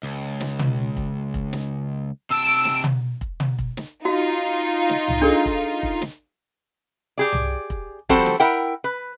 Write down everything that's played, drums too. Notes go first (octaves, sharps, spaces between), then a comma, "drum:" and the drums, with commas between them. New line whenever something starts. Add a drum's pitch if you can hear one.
C#2
drum: snare
drum: tom
drum: kick
drum: kick
drum: snare
C3 A5 E6 D7
drum: snare
drum: tom
drum: kick
drum: tom
drum: kick
drum: snare
D#4 F4 F#4 F5
drum: snare
drum: tom C2
D4 G#4 A4
drum: kick
drum: kick
drum: snare
G4 G#4 D5
drum: tom C2
drum: kick
F3 G3 C4 F#4 A4 C5, drum: kick
drum: snare
E4 A#4 F#5 G5
B4